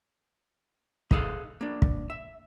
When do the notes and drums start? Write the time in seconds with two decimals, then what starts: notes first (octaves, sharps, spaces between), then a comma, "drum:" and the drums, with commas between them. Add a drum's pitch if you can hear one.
1.11 D#4 G#4 A4 D#5 F5, drum: kick
1.61 A#3 D4
1.82 drum: kick
2.10 E5